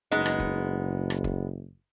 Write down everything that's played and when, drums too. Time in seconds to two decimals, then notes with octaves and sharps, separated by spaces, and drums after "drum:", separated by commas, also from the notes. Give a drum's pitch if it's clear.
0.11 F#1 G#3 B3 D#4
0.26 drum: rim click
0.40 drum: kick
1.10 drum: rim click
1.24 drum: kick